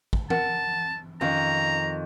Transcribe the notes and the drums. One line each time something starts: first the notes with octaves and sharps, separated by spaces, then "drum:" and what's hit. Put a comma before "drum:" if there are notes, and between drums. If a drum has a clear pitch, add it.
drum: kick
A#4 F#5 A5, drum: tom E3
F2 D#3 C#4 F5 A#5